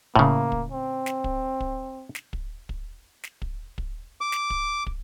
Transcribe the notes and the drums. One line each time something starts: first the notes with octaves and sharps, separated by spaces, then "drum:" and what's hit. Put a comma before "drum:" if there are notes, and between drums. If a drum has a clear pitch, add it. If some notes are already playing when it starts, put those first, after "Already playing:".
A2 C#3 A#3, drum: kick
drum: kick
C4
drum: snare
drum: kick
drum: kick
drum: snare
drum: kick
drum: kick
drum: snare
drum: kick
drum: kick
D6
drum: snare
drum: kick
drum: kick